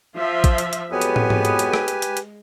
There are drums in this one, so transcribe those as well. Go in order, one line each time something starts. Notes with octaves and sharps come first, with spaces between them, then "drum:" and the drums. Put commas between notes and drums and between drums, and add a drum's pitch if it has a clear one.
F3 F4 E5
drum: kick, hi-hat
drum: hi-hat
drum: hi-hat
F2 F#3 G#3 B3 G4 B4 G#5
drum: hi-hat
drum: tom
drum: tom G#2
drum: hi-hat
drum: hi-hat
drum: rim click
drum: hi-hat
drum: hi-hat
drum: hi-hat